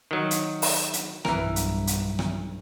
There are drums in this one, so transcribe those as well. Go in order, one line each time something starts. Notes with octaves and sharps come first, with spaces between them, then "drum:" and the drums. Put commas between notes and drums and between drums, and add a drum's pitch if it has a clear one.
D#3 F#3
drum: hi-hat
drum: open hi-hat
drum: hi-hat
B1 G2 E3 A#4, drum: rim click
drum: hi-hat
drum: hi-hat
drum: rim click